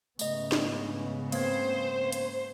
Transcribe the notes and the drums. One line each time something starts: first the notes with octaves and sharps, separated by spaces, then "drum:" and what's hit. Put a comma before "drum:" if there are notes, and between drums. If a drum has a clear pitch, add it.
G#2 C#3 A3 B3 D#5, drum: tambourine
drum: snare
A#3 C4 C5 G#6, drum: cymbal
drum: hi-hat